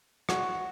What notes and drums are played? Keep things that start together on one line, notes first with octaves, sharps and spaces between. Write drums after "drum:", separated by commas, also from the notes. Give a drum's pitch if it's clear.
F#4, drum: rim click